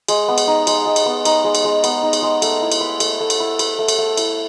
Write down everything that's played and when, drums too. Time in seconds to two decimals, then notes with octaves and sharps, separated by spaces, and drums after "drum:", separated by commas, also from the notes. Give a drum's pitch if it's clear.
0.08 G#3, drum: cymbal
0.28 B3
0.38 drum: cymbal
0.48 D#4
0.67 G#3, drum: cymbal
0.86 G#3
0.96 drum: cymbal
1.06 B3
1.25 D#4, drum: cymbal
1.44 G#3
1.55 drum: cymbal
1.65 G#3
1.84 B3, drum: cymbal
2.03 D#4
2.13 drum: cymbal
2.22 G#3
2.42 A3, drum: cymbal
2.62 E4
2.72 drum: cymbal
2.81 B4
3.00 A3, drum: cymbal
3.21 A3
3.30 drum: cymbal
3.40 E4
3.59 B4, drum: cymbal
3.79 A3
3.88 drum: cymbal
3.98 A3
4.17 E4, drum: cymbal